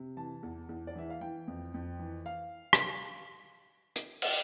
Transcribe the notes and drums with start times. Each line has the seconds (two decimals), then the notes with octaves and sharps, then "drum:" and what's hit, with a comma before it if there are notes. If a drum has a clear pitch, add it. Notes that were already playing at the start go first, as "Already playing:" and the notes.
Already playing: C3
0.17 E3 A5
0.43 E2
0.69 E2
0.87 D5
0.95 E3 E5
1.10 F5
1.21 E3 G5
1.48 F2
1.74 F2
2.00 E3
2.26 F5
2.73 drum: rim click
3.96 drum: hi-hat
4.22 drum: cymbal